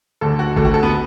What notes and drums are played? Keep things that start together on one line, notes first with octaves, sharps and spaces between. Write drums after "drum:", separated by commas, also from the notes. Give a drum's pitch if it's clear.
D2 D3 A4
F#4
D2 D3 A4, drum: kick G#1
F#4
A4
B3